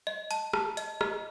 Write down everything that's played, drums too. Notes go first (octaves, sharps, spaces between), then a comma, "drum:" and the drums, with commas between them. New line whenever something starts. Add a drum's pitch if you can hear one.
D#5
A5, drum: hi-hat
A5, drum: rim click
D#5, drum: hi-hat
D#5, drum: rim click